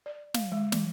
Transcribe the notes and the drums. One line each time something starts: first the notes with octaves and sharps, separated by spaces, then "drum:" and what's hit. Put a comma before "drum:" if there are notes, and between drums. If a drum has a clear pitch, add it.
D5
F5, drum: snare
G#3
E3, drum: snare